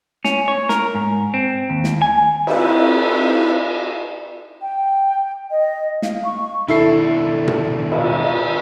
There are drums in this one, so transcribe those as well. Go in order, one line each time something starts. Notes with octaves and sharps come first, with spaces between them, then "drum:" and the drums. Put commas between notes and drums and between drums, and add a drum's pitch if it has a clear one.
C#4, drum: snare
C#5
A#4, drum: snare
G#2
C4
D#2
drum: snare
G#5
C4 D#4 E4 G4 A4 B4, drum: cymbal
G5
D#5
F5, drum: snare
C#6
B2 D#3 D4 E4 A4 C7
drum: tom A#2
drum: cymbal